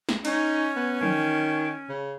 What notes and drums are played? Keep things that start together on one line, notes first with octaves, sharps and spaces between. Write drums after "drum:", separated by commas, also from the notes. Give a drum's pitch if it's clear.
drum: snare
C#4 D#4, drum: cymbal
B3
D#3, drum: tom
C#3